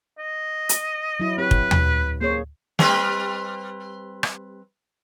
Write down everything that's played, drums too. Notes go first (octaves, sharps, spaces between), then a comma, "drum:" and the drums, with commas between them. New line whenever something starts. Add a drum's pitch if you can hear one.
D#5
drum: hi-hat
F#3 E4
C4 G4 B4 C#5
drum: kick
drum: tom D#2
A#3 G#4 C5 C#5
G3 C4 B4, drum: snare
drum: rim click